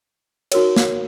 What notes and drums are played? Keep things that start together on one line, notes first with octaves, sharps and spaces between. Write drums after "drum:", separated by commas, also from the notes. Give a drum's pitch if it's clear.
D#4 F#4 A#4 C#5, drum: cymbal
drum: snare